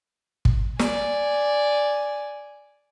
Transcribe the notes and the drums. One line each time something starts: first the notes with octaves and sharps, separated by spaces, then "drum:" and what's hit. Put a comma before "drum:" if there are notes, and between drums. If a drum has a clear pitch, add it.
drum: kick
D5 G#5, drum: snare